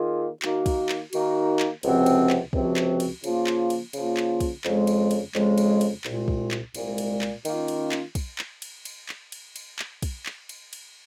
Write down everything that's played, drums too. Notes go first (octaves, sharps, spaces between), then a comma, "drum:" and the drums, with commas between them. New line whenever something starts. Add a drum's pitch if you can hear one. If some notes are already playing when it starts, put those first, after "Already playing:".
Already playing: D#3 A#3 F4 G#4
D#3 A#3 D#4 F#4, drum: clap
drum: kick, cymbal
drum: clap
D#3 A#3 D#4 F#4, drum: cymbal
drum: clap
C#2 C3 F3 C4 F#4, drum: cymbal
drum: cymbal
drum: clap
C#2 C3 F3 C4 F#4, drum: kick
drum: clap
drum: cymbal
C#3 F3 A#3 F4, drum: cymbal
drum: clap
drum: cymbal
C#3 F3 A#3 F4, drum: cymbal
drum: clap
drum: kick, cymbal
F2 C#3 G#3, drum: clap
drum: cymbal
drum: cymbal
F2 C#3 G#3, drum: clap
drum: cymbal
drum: cymbal
C2 A#2 G#3, drum: clap
drum: kick
drum: clap
C2 A#2 G#3, drum: cymbal
drum: cymbal
drum: clap
D#3 A#3 C#4 F4, drum: cymbal
drum: cymbal
drum: clap
drum: kick, cymbal
drum: clap
drum: cymbal
drum: cymbal
drum: clap
drum: cymbal
drum: cymbal
drum: clap
drum: kick, cymbal
drum: clap
drum: cymbal
drum: cymbal